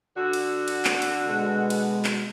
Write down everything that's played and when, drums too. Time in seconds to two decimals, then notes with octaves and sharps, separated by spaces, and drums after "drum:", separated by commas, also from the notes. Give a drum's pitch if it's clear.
0.16 D3 F#4
0.33 drum: cymbal
0.68 drum: cymbal
0.85 drum: clap
1.02 drum: cymbal
1.28 B2 G#3
1.70 drum: cymbal
2.05 drum: clap